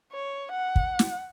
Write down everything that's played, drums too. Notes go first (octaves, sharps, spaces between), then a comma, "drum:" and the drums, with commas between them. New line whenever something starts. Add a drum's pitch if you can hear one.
C#5
F#5
drum: kick
drum: snare